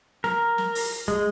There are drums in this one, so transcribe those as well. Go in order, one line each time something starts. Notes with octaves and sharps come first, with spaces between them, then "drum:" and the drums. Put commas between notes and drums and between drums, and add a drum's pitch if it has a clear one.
A#4, drum: snare
drum: snare
drum: open hi-hat
drum: hi-hat
G#3, drum: kick, hi-hat